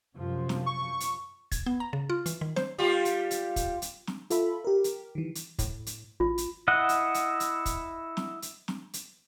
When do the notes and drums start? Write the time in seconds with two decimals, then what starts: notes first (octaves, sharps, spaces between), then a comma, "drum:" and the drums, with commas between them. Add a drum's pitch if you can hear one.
0.17 F#2 C3 F3
0.49 drum: snare
0.66 C#6
1.00 drum: hi-hat
1.52 G#6, drum: kick, hi-hat
1.66 B3
1.80 A#5
1.93 C#3
2.10 F4
2.26 E3, drum: hi-hat
2.41 D#3
2.56 C5, drum: snare
2.78 G3 F4 G4
3.05 drum: hi-hat
3.31 drum: hi-hat
3.56 drum: kick, hi-hat
3.82 drum: hi-hat
4.07 drum: snare
4.30 F4 A4 E5 B5, drum: hi-hat
4.65 G4 A#4
4.84 drum: hi-hat
5.15 D#3 E3
5.35 drum: hi-hat
5.59 A2, drum: kick, hi-hat
5.86 drum: hi-hat
6.20 A1 F4
6.38 drum: hi-hat
6.68 E4 D#5 F#5
6.89 drum: hi-hat
7.14 drum: hi-hat
7.40 drum: hi-hat
7.66 drum: kick, hi-hat
8.17 drum: snare
8.42 drum: hi-hat
8.68 drum: snare
8.93 drum: hi-hat